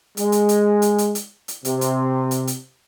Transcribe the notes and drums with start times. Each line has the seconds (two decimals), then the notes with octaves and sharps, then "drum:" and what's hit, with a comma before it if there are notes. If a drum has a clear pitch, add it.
0.17 G#3, drum: hi-hat
0.32 drum: hi-hat
0.49 drum: hi-hat
0.82 drum: hi-hat
0.98 drum: hi-hat
1.15 drum: hi-hat
1.48 drum: hi-hat
1.65 C3, drum: hi-hat
1.81 drum: hi-hat
2.31 drum: hi-hat
2.47 drum: hi-hat